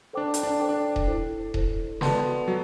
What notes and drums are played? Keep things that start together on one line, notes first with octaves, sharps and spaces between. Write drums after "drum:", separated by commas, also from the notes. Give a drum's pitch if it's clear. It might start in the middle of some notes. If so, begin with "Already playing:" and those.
D4 A4 C5 G5 D6
drum: hi-hat
D4
A4 C5 G5 D6
D4
drum: kick D#1
E4 A4 C5
E4 A4 C5, drum: kick D#1
B3 F#4 A4 D5 A5 C6, drum: snare
F#3 F#4 A4